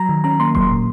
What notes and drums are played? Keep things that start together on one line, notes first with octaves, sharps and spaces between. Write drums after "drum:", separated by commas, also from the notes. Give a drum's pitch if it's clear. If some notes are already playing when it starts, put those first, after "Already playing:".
Already playing: F#3 A#5
D#3
C#4 A#5
A#3 C6
F#3 C6, drum: kick E1
A#2